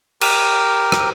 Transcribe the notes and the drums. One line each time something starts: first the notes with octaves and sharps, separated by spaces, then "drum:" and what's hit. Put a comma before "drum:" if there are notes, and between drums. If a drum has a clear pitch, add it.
G4 A#4, drum: cymbal
drum: rim click